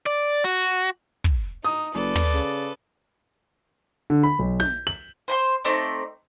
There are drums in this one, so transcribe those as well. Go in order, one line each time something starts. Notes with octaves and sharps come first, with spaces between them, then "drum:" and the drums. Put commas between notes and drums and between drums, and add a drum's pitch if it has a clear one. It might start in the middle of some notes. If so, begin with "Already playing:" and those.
D5
F#4
drum: kick
D#4 D#6
F#1 A4 B4 D5
drum: tom
C#3
D3
B5
B1
G6, drum: snare
F#7
C5 B5 C6
A3 C4 D#4 D5